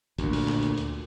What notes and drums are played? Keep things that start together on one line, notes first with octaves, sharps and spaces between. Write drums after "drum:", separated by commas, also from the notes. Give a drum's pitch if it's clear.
D2 A#2, drum: kick A#1, hi-hat
drum: open hi-hat
drum: clap
drum: hi-hat
drum: hi-hat